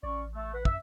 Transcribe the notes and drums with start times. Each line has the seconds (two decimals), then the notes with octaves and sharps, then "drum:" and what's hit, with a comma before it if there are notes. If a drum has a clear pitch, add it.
0.03 A1 C#4 D5 C#6
0.35 A3
0.54 B4 F#5
0.65 F#2 E5, drum: kick